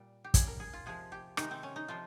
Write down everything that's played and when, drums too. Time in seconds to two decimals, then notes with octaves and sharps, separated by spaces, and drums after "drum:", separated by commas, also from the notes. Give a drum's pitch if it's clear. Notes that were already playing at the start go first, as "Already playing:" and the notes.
Already playing: A#2 G3
0.24 G4
0.34 C#3 G3 G#4, drum: kick, hi-hat
0.47 A#4
0.60 G#4
0.73 F4
0.86 C3 F3 G#3 G#4
1.12 G4
1.37 C3 D#3 G#3 D#4, drum: rim click
1.51 C4
1.63 C#4
1.76 D#4
1.88 C3 F3 F4